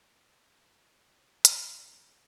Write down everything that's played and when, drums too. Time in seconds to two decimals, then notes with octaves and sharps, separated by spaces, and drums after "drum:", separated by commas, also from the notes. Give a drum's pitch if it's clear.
0.03 F#4 B4 D5
0.33 C6
0.62 A5
0.91 B5
1.25 E6
1.34 F#6
1.45 drum: hi-hat
1.70 F#6
1.77 G4 C5 E6
2.00 D6